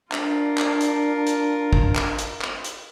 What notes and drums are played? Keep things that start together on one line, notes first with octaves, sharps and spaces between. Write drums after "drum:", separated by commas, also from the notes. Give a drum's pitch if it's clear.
D4 F4 A#4, drum: clap
drum: clap
drum: hi-hat
drum: hi-hat
drum: kick
drum: clap
drum: hi-hat
drum: clap
drum: hi-hat